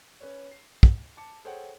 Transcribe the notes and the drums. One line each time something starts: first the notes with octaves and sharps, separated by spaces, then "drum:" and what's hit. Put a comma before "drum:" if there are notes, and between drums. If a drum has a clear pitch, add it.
C#4 B4 C#5
C7
drum: kick
A5 D6 C#7
G#4 A4 C5 C#5 F#5 G5